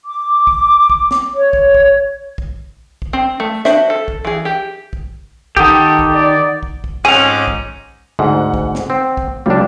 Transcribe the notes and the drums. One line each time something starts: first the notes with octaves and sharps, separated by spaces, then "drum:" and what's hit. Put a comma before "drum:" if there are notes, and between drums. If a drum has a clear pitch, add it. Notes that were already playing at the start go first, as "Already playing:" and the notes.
D6
drum: kick
drum: kick
drum: snare
C#5
drum: kick
drum: kick
drum: kick
drum: kick
C4
A3
D4 F#4 C5 E5, drum: snare
A4
drum: kick
E3 G#4
G4
drum: kick
D#3 G4 A4 F#5 D#6, drum: kick
drum: kick
D5
drum: kick
drum: kick
F2 G#2 C#4 G#4 D#5 D6 D#7 F7
drum: kick
D2 G#2 F#5
drum: kick
drum: snare
C4
drum: kick
C#2 F#3 G3 D4